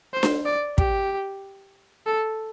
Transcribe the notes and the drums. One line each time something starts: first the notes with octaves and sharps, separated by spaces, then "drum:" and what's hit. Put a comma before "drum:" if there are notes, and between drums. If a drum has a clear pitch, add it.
C5
drum: snare D4
D5
G4, drum: kick
A4